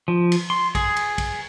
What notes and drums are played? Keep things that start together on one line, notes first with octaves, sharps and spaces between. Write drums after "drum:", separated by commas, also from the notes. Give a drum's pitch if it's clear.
F3
drum: cymbal
C6
G#4, drum: kick, cymbal
drum: cymbal
drum: kick, cymbal